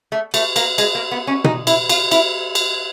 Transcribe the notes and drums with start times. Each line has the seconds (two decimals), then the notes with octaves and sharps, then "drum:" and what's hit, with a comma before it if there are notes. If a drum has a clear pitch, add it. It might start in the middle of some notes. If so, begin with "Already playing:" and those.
0.12 A3
0.34 A3, drum: cymbal
0.56 A#3, drum: cymbal
0.78 G#3, drum: cymbal
0.95 A#3
1.11 B3
1.27 C#4
1.44 D#4, drum: tom B2
1.67 E4, drum: cymbal
1.89 F4, drum: cymbal
2.11 E4, drum: cymbal
2.55 drum: cymbal